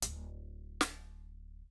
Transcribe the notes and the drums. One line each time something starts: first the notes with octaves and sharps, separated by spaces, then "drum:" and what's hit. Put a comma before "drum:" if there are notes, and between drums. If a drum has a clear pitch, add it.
D1 G#1, drum: hi-hat
drum: snare